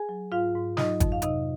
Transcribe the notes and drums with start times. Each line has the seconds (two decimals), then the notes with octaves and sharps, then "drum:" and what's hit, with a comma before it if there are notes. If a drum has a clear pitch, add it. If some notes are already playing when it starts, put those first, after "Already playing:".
Already playing: G#4 G#5
0.09 F#3
0.32 G#2 F4 F5
0.55 G#2
0.77 F#3 D#4 D#5, drum: snare
1.00 F2, drum: kick, hi-hat
1.12 F5
1.22 C3 D#4 D#5, drum: hi-hat